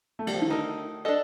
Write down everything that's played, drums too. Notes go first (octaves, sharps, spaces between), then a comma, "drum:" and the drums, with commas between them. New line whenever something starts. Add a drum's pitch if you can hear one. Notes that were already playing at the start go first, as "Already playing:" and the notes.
A3
G3, drum: cymbal
F3
D#3
D3 A3 D#4 A#4
D4 A4 D#5